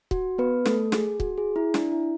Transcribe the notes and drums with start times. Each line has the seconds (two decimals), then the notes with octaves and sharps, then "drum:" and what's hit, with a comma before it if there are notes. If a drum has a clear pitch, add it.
0.11 F#4, drum: kick
0.38 B3 B4
0.65 A3 A4, drum: snare
0.92 G#4, drum: snare
1.20 F#4, drum: kick
1.38 G#4
1.56 E4
1.74 D4, drum: snare
1.92 E4